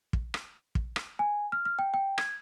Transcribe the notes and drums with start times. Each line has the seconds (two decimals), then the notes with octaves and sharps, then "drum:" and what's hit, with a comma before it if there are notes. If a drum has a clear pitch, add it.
0.13 drum: kick
0.34 drum: rim click
0.75 drum: kick
0.96 drum: rim click
1.19 G#5
1.52 F6
1.65 F6
1.79 G5
1.94 G5
2.18 G#6, drum: rim click